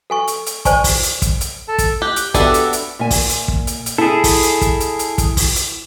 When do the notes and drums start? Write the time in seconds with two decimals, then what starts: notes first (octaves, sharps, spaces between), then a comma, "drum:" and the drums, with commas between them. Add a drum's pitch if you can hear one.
0.10 A4 G#5 C#6
0.27 drum: hi-hat
0.46 drum: hi-hat
0.65 C5 D5 G#5 A5 C#6, drum: kick, hi-hat
0.84 drum: kick, open hi-hat
1.03 drum: hi-hat
1.22 drum: kick, hi-hat
1.41 drum: hi-hat
1.68 A4 A5
1.78 drum: kick, hi-hat
2.02 G4 F#6
2.16 drum: hi-hat
2.34 B3 D4 F#4 G4 A4 E5, drum: kick, hi-hat
2.54 drum: hi-hat
2.73 drum: hi-hat
2.99 A#2 E5 G#5
3.11 drum: kick, open hi-hat
3.29 drum: hi-hat
3.48 drum: kick
3.67 drum: hi-hat
3.86 drum: hi-hat
3.98 E4 G#4 A4
4.24 drum: kick, open hi-hat
4.43 drum: hi-hat
4.61 drum: kick, hi-hat
4.80 drum: hi-hat
4.99 drum: hi-hat
5.18 drum: kick, hi-hat
5.37 drum: kick, open hi-hat
5.56 drum: hi-hat